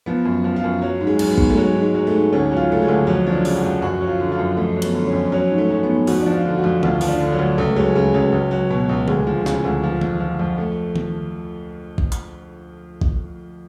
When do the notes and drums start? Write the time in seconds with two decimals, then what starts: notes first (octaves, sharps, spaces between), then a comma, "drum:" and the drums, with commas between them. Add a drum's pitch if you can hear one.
0.06 F3 B3
0.25 F#2
0.44 F3
0.56 F4
0.64 F#2
0.82 F#3
1.01 G#2
1.07 G#3
1.19 F#3, drum: cymbal
1.32 B3
1.38 G#2, drum: kick
1.50 A3
1.57 F#3 G#3
1.76 G#2
1.82 G#3
1.94 F#3
2.07 A3
2.13 G#2
2.33 D2 C#4
2.51 F#3
2.57 F4
2.70 C#3 A3
2.82 G#3
2.88 D2
3.07 F2 F#3
3.27 F3
3.32 D4
3.45 C#3, drum: open hi-hat
3.57 F#4
3.63 F2
3.82 F#2 F#4
4.01 F#3
4.07 F4
4.20 D3
4.32 F4
4.39 F#2
4.57 F2 A3
4.76 F#3
4.82 B3, drum: cymbal
4.95 D3
5.07 C#4
5.13 F2
5.32 F#3 C#4
5.51 G#2
5.58 A3
5.71 F#3
5.83 B3
5.89 G#2
6.07 F2 F#4, drum: open hi-hat
6.21 F3 D4
6.33 F4
6.45 D3
6.58 F#4
6.64 F2
6.83 D2 F4, drum: tom D#3
7.01 F3, drum: open hi-hat
7.08 D4
7.20 D3
7.32 F#3
7.39 D2
7.58 C#2 A3
7.76 F#3 G#3
7.95 C#3 G#3
8.14 C#2 F#3
8.32 C#2
8.51 F#3
8.70 B2
8.89 C#2
9.08 D2 G#3, drum: tom C#3
9.27 F3
9.46 C#3, drum: snare
9.64 D2
9.84 F3
10.01 F2, drum: tom D#3
10.20 F3
10.39 F2
10.58 A3
10.96 drum: tom D#3
11.98 drum: kick
12.12 drum: hi-hat
13.01 drum: kick